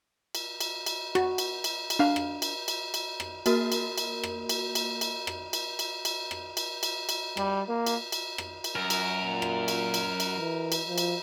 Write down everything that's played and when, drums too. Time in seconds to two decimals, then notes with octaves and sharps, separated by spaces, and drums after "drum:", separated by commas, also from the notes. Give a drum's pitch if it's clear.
0.35 drum: cymbal
0.61 drum: cymbal
0.86 drum: cymbal
1.15 F#4, drum: rim click
1.38 drum: cymbal
1.64 drum: cymbal
1.90 drum: cymbal
1.99 D4 F5
2.16 drum: rim click
2.42 drum: cymbal
2.68 drum: cymbal
2.94 drum: cymbal
3.20 drum: rim click
3.46 A#3 F#4 A#4, drum: cymbal
3.72 drum: cymbal
3.98 drum: cymbal
4.24 drum: rim click
4.49 drum: cymbal
4.75 drum: cymbal
5.01 drum: cymbal
5.27 drum: rim click
5.53 drum: cymbal
5.79 drum: cymbal
6.05 drum: cymbal
6.31 drum: rim click
6.57 drum: cymbal
6.83 drum: cymbal
7.09 drum: cymbal
7.37 G3, drum: rim click
7.68 A#3
7.86 drum: cymbal
8.12 drum: cymbal
8.38 drum: rim click
8.64 drum: cymbal
8.75 F#2 A#4
8.90 drum: cymbal
9.24 A#2
9.42 drum: rim click
9.68 drum: cymbal
9.94 drum: cymbal
10.20 drum: cymbal
10.38 E3
10.72 drum: cymbal
10.88 F3
10.98 drum: cymbal